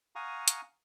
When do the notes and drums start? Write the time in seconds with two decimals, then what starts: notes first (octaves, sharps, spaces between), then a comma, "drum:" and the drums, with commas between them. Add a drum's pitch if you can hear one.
0.15 F5 F#5 G#5 A#5 C#6 D#6
0.48 drum: hi-hat